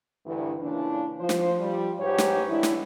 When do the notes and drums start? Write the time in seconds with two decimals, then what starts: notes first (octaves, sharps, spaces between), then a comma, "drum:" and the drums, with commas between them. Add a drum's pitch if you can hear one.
0.26 D2 G2 E3
0.62 A#2 C#3 E3 D4
1.20 F3 C5
1.29 drum: snare
1.59 F3 G3
2.00 G#2 G4 B4 C#5
2.18 drum: snare
2.49 E3 G#3 D4 E4
2.63 drum: snare